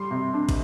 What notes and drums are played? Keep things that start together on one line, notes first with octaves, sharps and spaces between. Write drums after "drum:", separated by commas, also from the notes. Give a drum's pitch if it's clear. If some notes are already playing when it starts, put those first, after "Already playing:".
Already playing: G3 C6
C3
D4
drum: kick, cymbal